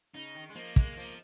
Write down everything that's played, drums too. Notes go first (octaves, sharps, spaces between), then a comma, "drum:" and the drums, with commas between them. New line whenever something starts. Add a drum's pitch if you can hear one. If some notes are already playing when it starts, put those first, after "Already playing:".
C#3 D#4
D#3
G#3
F3 A#3
G#3, drum: kick
F3